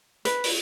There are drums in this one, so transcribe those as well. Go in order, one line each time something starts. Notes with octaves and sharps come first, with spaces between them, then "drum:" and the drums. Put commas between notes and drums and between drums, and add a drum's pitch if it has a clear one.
B4, drum: hi-hat
drum: open hi-hat